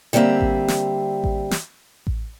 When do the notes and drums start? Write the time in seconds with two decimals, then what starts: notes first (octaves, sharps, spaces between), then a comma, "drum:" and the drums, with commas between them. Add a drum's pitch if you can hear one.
0.13 D3 G3 A#3 C4 E5
0.41 drum: kick A1
0.68 drum: snare
1.24 drum: kick A1
1.51 drum: snare
2.07 drum: kick A1